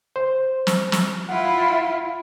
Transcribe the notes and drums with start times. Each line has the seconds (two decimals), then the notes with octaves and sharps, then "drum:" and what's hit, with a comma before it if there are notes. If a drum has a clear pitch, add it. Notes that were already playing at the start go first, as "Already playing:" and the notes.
0.16 C5
0.67 drum: snare
0.92 drum: snare
1.29 E4 F4 F#5